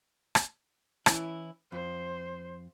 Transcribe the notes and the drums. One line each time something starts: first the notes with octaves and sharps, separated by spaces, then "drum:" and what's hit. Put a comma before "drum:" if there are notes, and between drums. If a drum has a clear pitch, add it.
drum: rim click
E3 C#4 E4, drum: rim click
F2 C5